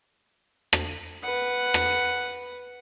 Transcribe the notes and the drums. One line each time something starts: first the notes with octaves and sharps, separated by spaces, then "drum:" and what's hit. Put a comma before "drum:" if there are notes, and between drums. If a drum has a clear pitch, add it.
drum: rim click
B4 F#5
drum: rim click